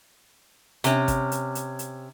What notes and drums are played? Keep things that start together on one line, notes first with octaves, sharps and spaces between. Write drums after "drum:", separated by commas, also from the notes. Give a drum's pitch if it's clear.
C3 C#4, drum: hi-hat
drum: kick G#1, hi-hat
drum: hi-hat
drum: hi-hat
drum: hi-hat